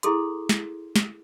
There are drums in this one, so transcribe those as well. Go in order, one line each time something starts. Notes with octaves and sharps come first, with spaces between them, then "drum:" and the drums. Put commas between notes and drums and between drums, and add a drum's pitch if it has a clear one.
E4 G#4 A4 C6, drum: hi-hat
drum: snare
drum: snare